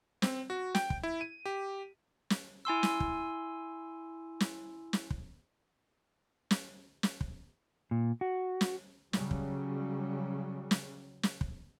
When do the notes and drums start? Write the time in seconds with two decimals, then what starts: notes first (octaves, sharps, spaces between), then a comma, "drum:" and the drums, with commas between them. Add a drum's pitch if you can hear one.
0.22 C4, drum: snare
0.50 F#4
0.75 G5, drum: snare
0.90 drum: kick
1.03 E4
1.21 D#7
1.46 G4
2.30 drum: snare
2.65 E4 G#5 C6 E6
2.83 drum: snare
3.00 drum: kick
4.40 drum: snare
4.93 drum: snare
5.10 drum: kick
6.51 drum: snare
7.03 drum: snare
7.21 drum: kick
7.91 A#2
8.21 F#4
8.61 drum: snare
9.13 C#3 F#3 G3, drum: snare
9.31 drum: kick
10.71 drum: snare
11.23 drum: snare
11.41 drum: kick